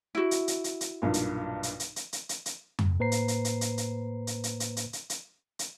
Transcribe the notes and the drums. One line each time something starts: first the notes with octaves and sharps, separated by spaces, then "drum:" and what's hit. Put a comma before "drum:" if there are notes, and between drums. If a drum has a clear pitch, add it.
E4 F#4
drum: hi-hat
drum: hi-hat
drum: hi-hat
drum: hi-hat
B1 G2 A#2
drum: hi-hat
drum: hi-hat
drum: hi-hat
drum: hi-hat
drum: hi-hat
drum: hi-hat
drum: hi-hat
drum: tom F2
A2 A#3 B4 C5 A#5 C7
drum: hi-hat
drum: hi-hat
drum: hi-hat
drum: hi-hat
drum: hi-hat
drum: hi-hat
drum: hi-hat
drum: hi-hat
drum: hi-hat
drum: hi-hat
drum: hi-hat
drum: hi-hat